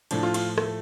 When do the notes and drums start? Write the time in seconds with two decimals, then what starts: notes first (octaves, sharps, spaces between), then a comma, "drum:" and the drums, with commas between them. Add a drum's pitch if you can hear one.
0.11 A2 F3 D4, drum: cymbal
0.23 F4
0.34 F4, drum: cymbal
0.58 A3, drum: rim click